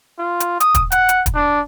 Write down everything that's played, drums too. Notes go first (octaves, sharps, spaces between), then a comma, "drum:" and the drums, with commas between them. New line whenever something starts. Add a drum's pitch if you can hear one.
F4
drum: hi-hat
D#6, drum: hi-hat
drum: kick, hi-hat
F#5, drum: hi-hat
drum: hi-hat
drum: kick, hi-hat
D4